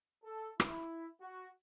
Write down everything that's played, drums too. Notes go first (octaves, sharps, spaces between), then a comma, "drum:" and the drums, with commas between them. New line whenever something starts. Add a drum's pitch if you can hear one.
A4
E4, drum: rim click
F#4